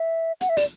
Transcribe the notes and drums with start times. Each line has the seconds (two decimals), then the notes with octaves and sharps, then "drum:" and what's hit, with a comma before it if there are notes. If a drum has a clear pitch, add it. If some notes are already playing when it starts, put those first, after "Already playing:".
Already playing: E5
0.41 F#5, drum: hi-hat
0.49 E5
0.57 D5, drum: open hi-hat